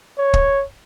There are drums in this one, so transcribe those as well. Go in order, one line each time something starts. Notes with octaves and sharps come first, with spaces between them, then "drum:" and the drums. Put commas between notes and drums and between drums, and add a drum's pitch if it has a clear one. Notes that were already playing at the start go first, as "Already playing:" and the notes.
C#5
drum: kick